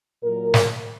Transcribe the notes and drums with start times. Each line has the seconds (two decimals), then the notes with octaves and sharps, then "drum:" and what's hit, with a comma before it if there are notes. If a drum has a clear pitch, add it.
0.23 A#2 F#3 A#4
0.54 drum: snare